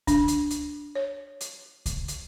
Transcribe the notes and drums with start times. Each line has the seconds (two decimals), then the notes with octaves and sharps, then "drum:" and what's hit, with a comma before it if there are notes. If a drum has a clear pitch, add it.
0.07 D4, drum: kick C#2, hi-hat
0.28 drum: hi-hat
0.50 drum: hi-hat
0.95 C#5
1.41 drum: hi-hat
1.86 drum: kick C#2, hi-hat
2.08 drum: hi-hat